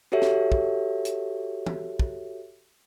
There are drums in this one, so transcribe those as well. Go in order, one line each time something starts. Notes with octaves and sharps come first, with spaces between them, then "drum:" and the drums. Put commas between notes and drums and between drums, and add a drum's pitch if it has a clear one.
F#4 G4 A4 C#5 E5
drum: snare
drum: kick
drum: hi-hat
drum: tom
drum: kick